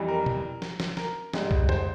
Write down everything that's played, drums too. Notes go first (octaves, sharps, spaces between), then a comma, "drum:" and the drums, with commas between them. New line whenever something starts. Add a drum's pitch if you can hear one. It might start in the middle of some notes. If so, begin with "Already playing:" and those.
Already playing: F2 E3 G3
A#4
drum: tom B2
drum: snare
drum: snare
A#4, drum: snare
G#1 G#2 G3, drum: snare
drum: kick C2
C5, drum: tom F2